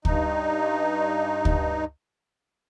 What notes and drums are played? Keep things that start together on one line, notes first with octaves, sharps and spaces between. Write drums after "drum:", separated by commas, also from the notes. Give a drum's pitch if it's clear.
G2 D#4, drum: kick
drum: kick